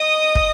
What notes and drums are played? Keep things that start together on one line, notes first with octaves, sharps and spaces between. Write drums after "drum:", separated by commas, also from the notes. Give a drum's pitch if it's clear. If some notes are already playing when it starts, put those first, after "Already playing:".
Already playing: D#5 D#6
drum: kick